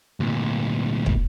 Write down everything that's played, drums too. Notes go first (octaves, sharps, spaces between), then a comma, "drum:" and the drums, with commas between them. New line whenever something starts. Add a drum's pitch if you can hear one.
D2 A#2
drum: kick